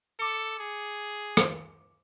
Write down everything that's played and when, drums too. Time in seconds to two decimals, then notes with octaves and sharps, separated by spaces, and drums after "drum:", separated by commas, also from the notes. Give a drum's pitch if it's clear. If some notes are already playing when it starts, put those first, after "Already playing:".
0.19 A4 D6 C#7
0.59 G#4
1.37 drum: rim click